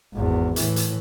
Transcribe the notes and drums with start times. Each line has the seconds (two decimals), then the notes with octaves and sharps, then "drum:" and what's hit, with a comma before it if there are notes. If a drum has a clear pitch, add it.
0.14 G#1 E2
0.56 A2 E3, drum: hi-hat
0.76 drum: hi-hat